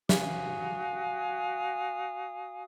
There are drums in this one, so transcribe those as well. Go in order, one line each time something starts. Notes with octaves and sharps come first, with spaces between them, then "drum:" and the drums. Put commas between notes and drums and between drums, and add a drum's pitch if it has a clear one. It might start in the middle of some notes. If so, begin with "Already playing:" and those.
F#4 F5 G#5 D#6, drum: snare